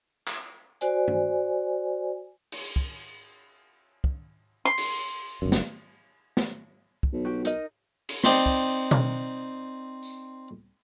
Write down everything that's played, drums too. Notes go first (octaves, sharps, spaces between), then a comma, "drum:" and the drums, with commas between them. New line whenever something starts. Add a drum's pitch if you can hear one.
drum: clap
F#4 C5 D5 G#5, drum: hi-hat
drum: tom G2
drum: cymbal
drum: kick
drum: kick
C6
drum: cymbal
drum: tambourine
G1 F#2
drum: snare
drum: snare
drum: kick
B1
F#4 G4
D#4 A#4 D#5, drum: hi-hat
drum: cymbal
C4 D#4 D5 B5 C6, drum: snare
drum: kick
drum: tom B2
drum: tambourine